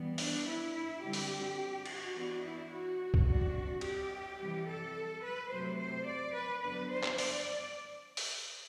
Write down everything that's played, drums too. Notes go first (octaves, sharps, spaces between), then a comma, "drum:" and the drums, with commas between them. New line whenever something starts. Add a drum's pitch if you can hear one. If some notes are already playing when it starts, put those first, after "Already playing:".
Already playing: E3 G3 B3
D4, drum: open hi-hat
E4
E4
D3 G3 C4 G4
drum: open hi-hat
F#4, drum: cymbal
E3 B3 D4
E4
F#4
drum: kick C2
C3 G3 D4 F#4
G4, drum: cymbal
C3 E3 G3
A4
B4
C3 F#3 A3 C5
C5
D5
B4
D3 F#3 B3 D4 B4
C5
drum: clap
D5, drum: open hi-hat
drum: open hi-hat